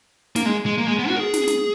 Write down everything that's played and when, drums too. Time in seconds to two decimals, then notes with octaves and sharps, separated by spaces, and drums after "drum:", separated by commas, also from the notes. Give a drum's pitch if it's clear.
0.36 A#3, drum: snare
0.46 G#3
0.66 G#3
0.78 A#3
0.88 G#3
0.99 B3
1.09 F#4
1.16 A#4
1.20 G#4
1.34 drum: snare
1.48 drum: snare